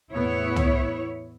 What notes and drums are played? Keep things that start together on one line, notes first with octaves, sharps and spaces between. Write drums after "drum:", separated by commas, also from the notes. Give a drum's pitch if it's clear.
E2 A2 B3 E4 C#5
drum: tom